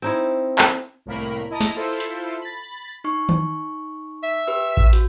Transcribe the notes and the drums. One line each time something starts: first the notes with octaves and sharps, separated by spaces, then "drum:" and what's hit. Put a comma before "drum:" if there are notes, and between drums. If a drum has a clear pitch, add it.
C4 D#4 E4
drum: clap
C2 A2 A#3 A#4 B5
E4 D#5 A5 A#5 D#6
drum: snare
E4 F4 A4 C5 E5
drum: hi-hat
B5 A6
D#4 C#6
drum: tom D#3
E5
G4 B4 E6
drum: kick A1
F#4, drum: hi-hat